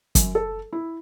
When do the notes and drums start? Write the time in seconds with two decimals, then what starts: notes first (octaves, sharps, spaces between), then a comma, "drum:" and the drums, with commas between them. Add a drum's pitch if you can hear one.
0.15 F#2, drum: kick, hi-hat
0.35 A4
0.73 E4